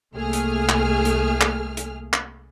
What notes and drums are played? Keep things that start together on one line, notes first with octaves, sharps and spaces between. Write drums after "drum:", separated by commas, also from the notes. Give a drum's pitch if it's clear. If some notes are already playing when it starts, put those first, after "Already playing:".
C2 A3 A#3 G#4 F6
drum: hi-hat
drum: clap
drum: hi-hat
drum: clap
drum: hi-hat
drum: clap